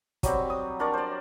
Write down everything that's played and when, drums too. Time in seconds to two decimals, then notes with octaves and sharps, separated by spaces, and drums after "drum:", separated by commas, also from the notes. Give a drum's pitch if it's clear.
0.23 F#3 G3 C4, drum: kick, hi-hat
0.50 D#6
0.80 D4 A#4 C#5 D5
0.94 C5 D5